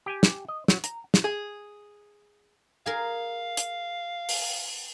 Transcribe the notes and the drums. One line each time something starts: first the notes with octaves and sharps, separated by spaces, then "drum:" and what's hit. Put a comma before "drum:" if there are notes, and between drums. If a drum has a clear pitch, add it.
G4 G5 G#5
drum: snare
D#5
F#3, drum: snare
A#5, drum: hi-hat
drum: snare
G#4
G#4 A#4 F5
drum: hi-hat
drum: open hi-hat